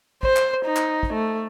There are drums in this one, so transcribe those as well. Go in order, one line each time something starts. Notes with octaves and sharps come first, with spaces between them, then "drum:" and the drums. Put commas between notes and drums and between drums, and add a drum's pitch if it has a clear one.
C5, drum: kick
drum: clap
D#4
drum: clap
drum: kick
A3